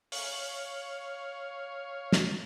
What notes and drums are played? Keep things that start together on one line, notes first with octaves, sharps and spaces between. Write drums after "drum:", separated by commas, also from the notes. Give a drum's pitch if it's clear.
C#5 F5, drum: open hi-hat
drum: snare